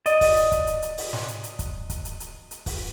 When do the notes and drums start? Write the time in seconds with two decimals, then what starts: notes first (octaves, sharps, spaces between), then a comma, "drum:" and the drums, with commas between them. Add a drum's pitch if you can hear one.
0.06 D5 D#5, drum: hi-hat
0.21 drum: kick, open hi-hat
0.36 drum: hi-hat
0.52 drum: kick, hi-hat
0.67 drum: hi-hat
0.82 drum: hi-hat
0.98 drum: open hi-hat
1.13 drum: snare
1.28 drum: hi-hat
1.44 drum: hi-hat
1.59 drum: kick, hi-hat
1.90 drum: kick, hi-hat
2.05 drum: hi-hat
2.20 drum: hi-hat
2.51 drum: hi-hat
2.66 drum: kick, open hi-hat